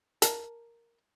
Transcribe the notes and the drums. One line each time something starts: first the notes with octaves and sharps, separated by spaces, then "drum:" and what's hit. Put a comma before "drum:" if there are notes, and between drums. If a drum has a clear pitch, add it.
A#4 A5, drum: hi-hat